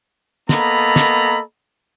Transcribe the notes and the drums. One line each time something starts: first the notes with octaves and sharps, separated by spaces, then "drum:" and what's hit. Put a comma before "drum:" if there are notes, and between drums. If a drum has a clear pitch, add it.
A#3 B3 A4 D#5 A#5 B5, drum: snare
drum: snare